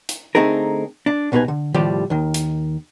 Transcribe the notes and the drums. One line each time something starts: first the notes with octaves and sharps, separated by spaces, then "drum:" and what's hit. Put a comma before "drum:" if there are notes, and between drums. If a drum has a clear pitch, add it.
drum: hi-hat
D3 A3 C4 D#4 G#4 A#4
D4
C2 B2 B3 D#4 B4 G#5
D3
A2 C#3 F3 G3 G4, drum: tom D#3
D#2 D#3
drum: hi-hat